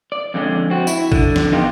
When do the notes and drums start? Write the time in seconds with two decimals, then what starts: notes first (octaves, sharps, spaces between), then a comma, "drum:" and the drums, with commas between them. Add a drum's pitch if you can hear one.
0.12 D5
0.34 F2 D3 G#3 C4 C#4
0.70 C4 F#4
0.87 E4, drum: tambourine
1.12 D3, drum: kick
1.36 drum: snare
1.52 B3 D#4 F4 G4